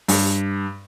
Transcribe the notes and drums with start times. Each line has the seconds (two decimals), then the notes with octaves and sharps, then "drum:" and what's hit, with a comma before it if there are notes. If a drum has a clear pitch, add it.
0.08 G2, drum: open hi-hat